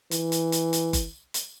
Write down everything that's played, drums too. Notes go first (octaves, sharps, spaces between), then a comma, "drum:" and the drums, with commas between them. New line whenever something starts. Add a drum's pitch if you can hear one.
E3, drum: hi-hat
drum: hi-hat
drum: hi-hat
drum: hi-hat
drum: kick F#1, hi-hat
drum: hi-hat